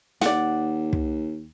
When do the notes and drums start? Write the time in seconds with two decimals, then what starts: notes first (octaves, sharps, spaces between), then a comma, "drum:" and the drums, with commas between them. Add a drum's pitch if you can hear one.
0.21 D#2 D5 F#5, drum: snare
0.93 drum: kick